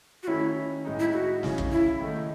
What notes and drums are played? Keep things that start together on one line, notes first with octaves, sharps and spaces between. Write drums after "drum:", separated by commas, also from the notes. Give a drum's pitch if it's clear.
F#4
D#3 A3 C#4 E4
A2 G#3 D#4
E4
F#4
C#3 G#3 C#4 E4, drum: snare
drum: kick
E4
D#3 A3 D#4